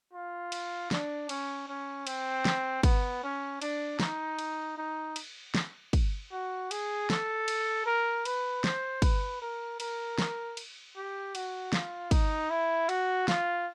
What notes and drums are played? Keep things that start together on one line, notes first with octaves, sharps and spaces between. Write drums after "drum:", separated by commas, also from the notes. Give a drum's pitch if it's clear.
F4
drum: cymbal
D4, drum: snare
C#4, drum: cymbal
C#4
C4, drum: cymbal
drum: snare
B3, drum: kick, cymbal
C#4
D4, drum: cymbal
D#4, drum: snare
drum: cymbal
D#4
drum: cymbal
drum: snare
drum: kick, cymbal
F#4
G#4, drum: cymbal
A4, drum: snare
drum: cymbal
A#4
B4, drum: cymbal
C5, drum: snare
B4, drum: kick, cymbal
A#4
A#4, drum: cymbal
drum: snare
drum: cymbal
G4
F#4, drum: cymbal
F4, drum: snare
D#4, drum: kick, cymbal
E4
F#4, drum: cymbal
F4, drum: snare